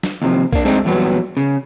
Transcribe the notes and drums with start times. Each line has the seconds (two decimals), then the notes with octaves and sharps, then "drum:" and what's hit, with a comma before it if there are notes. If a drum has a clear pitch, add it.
0.03 drum: snare
0.22 D#2 C3 F3
0.53 A#3 D4, drum: kick B1
0.65 G#3 A3 C4 D4 D#4 A4
0.85 E2 G2 A#2 F#3 B3
1.37 C#3